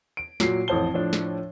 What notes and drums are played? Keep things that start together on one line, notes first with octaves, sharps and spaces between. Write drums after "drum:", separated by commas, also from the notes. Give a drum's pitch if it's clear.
D7
A#2 F#3 C7, drum: snare
A1 F2 A2 C5 A5 G7
A2 F3 D4
drum: snare